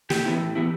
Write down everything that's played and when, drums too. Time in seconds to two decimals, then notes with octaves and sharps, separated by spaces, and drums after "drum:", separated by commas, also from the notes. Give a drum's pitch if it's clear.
0.10 A2 G4, drum: snare
0.25 E3 B3 E4
0.41 A2
0.55 E3 B3 E4